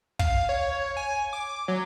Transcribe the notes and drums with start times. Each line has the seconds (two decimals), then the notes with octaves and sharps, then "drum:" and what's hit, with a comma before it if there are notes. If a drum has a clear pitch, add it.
0.19 F5, drum: kick
0.49 C#5
0.97 G#5
1.33 D6
1.68 F#3